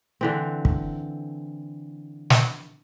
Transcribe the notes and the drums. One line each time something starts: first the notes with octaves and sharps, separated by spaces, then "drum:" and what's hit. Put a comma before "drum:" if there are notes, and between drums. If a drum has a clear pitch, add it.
D3 E3 C4
drum: kick
drum: snare